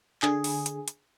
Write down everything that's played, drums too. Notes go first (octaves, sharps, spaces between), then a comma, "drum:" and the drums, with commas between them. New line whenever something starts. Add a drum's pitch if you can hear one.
D3 G#4, drum: clap
drum: open hi-hat
drum: hi-hat
drum: hi-hat